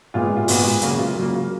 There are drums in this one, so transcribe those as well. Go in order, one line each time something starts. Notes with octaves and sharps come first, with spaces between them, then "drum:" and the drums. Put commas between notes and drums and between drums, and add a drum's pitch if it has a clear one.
A#2 G#3 B3 F4
F4
A#2 G#3 B3 F#4, drum: open hi-hat
G#4
C#3 F#3 A#3 F#4, drum: hi-hat
F4
C#3 F#3 A#3